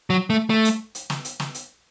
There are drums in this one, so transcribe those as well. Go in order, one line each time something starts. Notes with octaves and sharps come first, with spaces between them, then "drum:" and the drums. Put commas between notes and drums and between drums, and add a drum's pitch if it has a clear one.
F#3
A3
A3
drum: hi-hat
drum: hi-hat
drum: snare
drum: hi-hat
drum: snare
drum: hi-hat